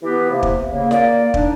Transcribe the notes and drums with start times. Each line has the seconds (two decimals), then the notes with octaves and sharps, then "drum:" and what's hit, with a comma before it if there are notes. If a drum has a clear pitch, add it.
0.02 E3 B3 E4 G4 B4
0.30 C3 A#3
0.43 drum: kick
0.72 C#3 A#3
0.91 A#3 D5, drum: snare
1.34 D4 D#4, drum: kick